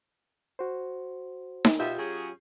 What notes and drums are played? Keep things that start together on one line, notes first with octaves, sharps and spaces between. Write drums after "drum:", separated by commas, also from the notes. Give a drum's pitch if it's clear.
F#4 C5
drum: snare D#4
B2 F4 G4 E5 G6
F#3 C#4 G#4